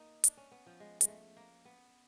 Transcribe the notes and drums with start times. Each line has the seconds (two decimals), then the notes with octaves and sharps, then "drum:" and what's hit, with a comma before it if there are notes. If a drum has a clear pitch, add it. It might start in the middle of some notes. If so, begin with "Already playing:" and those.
Already playing: A#3 D#4
0.24 D4, drum: hi-hat
0.37 C#4
0.51 B3
0.66 F3
0.80 G#3
1.01 G#3, drum: hi-hat
1.08 A3
1.37 A#3
1.65 B3